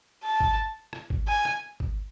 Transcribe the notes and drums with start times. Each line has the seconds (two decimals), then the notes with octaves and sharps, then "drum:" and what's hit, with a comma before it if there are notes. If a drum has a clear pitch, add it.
0.24 A5
0.40 drum: kick
0.93 drum: rim click
1.10 drum: kick
1.28 G#5
1.45 drum: rim click
1.80 drum: kick